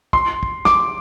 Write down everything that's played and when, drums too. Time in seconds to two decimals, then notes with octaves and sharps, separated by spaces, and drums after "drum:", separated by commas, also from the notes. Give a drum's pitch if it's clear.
0.13 C6, drum: kick
0.43 drum: kick
0.65 D6, drum: snare